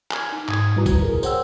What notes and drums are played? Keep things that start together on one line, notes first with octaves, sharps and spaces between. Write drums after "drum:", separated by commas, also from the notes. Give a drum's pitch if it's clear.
G#5 F6 G#6, drum: clap
D#4
G#2 D#6 G#6, drum: clap
G2 G3 E4 F#4 B4 A#5
drum: kick B1, tambourine
G#4 A#4
C5 C#5 F#5 G5 E6, drum: tambourine